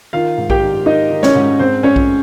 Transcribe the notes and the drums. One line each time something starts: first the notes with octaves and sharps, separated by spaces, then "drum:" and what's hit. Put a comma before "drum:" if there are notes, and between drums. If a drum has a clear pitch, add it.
D#3 F4 F5
G#2
G4 G5, drum: kick A#1
D#3
A#3 D#4 D#5
D#3
C#4 C#5, drum: snare
G#2
G#2 C4 C5
C4 C#4 C#5
drum: kick A#1